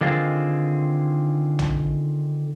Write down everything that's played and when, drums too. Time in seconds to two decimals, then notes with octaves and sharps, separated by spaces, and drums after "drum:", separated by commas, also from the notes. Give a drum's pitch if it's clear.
0.01 D3 D#3 C4 F4 G#4
1.59 drum: tom A#1